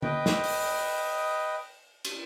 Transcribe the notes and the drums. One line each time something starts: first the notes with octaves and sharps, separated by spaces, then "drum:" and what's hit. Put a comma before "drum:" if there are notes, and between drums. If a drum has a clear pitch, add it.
B4 D#5 G5, drum: tom D3
drum: snare
drum: open hi-hat
drum: cymbal